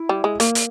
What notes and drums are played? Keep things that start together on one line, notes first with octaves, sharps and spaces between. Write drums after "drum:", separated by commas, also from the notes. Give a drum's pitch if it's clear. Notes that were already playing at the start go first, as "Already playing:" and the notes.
Already playing: E4
G3
G#3
A#3, drum: hi-hat
drum: hi-hat